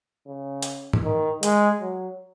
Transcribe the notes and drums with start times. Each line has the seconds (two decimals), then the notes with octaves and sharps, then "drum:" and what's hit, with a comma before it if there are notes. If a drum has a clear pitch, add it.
0.27 C#3
0.62 drum: hi-hat
0.93 drum: tom G#2
1.04 D#3
1.43 G#3, drum: hi-hat
1.81 F#3